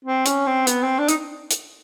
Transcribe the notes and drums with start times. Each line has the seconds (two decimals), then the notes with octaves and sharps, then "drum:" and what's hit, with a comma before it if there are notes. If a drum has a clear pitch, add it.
0.05 C4
0.26 C#4, drum: hi-hat
0.46 C4
0.67 B3, drum: hi-hat
0.83 C4
0.99 D4
1.08 D#4, drum: hi-hat
1.51 drum: hi-hat